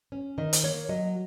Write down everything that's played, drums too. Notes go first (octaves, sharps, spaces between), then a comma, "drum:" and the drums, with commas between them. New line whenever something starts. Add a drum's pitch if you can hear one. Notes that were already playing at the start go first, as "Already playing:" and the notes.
C#4
D#3 D#5
C5, drum: hi-hat
A#3 C#5
F#3 D#5